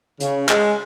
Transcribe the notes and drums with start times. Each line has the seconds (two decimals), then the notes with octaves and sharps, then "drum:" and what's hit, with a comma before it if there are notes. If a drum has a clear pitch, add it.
0.20 C#3, drum: hi-hat
0.49 G#3, drum: clap